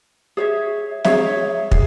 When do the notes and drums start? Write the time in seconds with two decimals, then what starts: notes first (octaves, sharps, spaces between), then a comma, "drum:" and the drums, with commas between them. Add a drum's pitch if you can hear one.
0.37 G#4 C#5 E5
1.04 G#4 C#5 E5, drum: snare
1.71 G#4, drum: kick